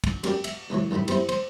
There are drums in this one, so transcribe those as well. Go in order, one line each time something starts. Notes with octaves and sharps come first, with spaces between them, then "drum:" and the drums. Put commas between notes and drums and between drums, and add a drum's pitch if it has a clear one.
drum: kick, cymbal
G3 C#4 F#4 A#4 D5 G5, drum: cymbal
E5, drum: cymbal
C#2 F#2 E3 C#5
C2 A2 D#3 D#4 B5
G3 B3 C4 E4 C5, drum: cymbal
C5, drum: cymbal